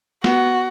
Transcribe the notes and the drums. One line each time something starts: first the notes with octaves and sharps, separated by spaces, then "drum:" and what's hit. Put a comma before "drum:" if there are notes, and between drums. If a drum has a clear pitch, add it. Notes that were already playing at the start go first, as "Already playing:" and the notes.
B3 F#4, drum: snare